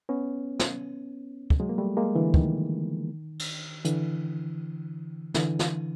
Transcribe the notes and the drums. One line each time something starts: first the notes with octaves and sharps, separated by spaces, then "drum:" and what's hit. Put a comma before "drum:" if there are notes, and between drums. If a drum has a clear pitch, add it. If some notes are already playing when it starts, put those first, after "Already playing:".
B3 C#4
drum: snare
drum: kick
F#3 G#3
A#3
G3 A3
G#3 A#3
D3 E3
D#3, drum: kick
drum: cymbal
D3 E3, drum: hi-hat
D3 E3, drum: snare
drum: snare